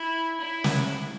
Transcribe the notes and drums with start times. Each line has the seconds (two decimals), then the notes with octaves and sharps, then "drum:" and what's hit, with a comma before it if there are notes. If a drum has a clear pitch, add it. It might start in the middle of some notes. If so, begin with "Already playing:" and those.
Already playing: E4
0.40 E4
0.64 drum: snare